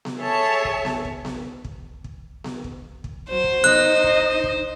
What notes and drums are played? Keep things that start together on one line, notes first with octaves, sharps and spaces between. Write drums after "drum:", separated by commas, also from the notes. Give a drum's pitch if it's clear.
drum: snare B3
G#4 A4 C#5 E5 A5
drum: kick
drum: snare B3
drum: kick
drum: snare B3
drum: kick
drum: kick
drum: snare B3
drum: kick
drum: kick
F#3 C5
drum: kick
D#4 D#5 F#6, drum: snare B3
drum: kick
drum: kick